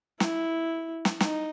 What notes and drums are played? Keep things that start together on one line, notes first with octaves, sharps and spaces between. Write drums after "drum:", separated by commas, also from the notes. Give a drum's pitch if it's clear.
E4, drum: snare
drum: snare
D#4, drum: snare